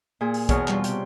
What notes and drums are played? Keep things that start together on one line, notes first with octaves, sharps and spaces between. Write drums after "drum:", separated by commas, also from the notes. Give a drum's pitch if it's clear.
A#2 G#4
drum: open hi-hat
E2 B2 G#4 C#5 F6, drum: kick, hi-hat
G3 F4, drum: clap
C3 G5, drum: hi-hat